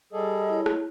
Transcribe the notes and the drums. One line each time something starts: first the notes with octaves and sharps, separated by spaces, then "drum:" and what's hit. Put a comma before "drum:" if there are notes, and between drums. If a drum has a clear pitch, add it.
G3 G#4 A4 D#5
E4 C#5
drum: rim click